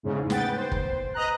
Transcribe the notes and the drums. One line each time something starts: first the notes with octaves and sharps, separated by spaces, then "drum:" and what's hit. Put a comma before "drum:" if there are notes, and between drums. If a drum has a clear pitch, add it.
E2 G#2 C#3
B3 B4 G5 A6, drum: snare
C5
drum: kick
B4 D#5 A#5 F#6